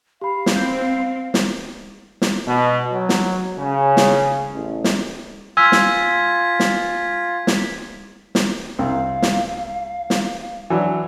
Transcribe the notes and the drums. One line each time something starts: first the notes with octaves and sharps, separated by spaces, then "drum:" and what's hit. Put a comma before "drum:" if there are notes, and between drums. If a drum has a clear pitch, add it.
G4 F5 B5
drum: snare
C4 G6
drum: snare
drum: snare
B2
F#3
drum: snare
C#3
drum: snare
A1
drum: snare
F4 G#5 C6 E6 F6 G#6 B6
drum: snare
drum: snare
drum: snare
drum: snare
C2 C4 F5
drum: snare
drum: snare
E3 F#3 D4 F#5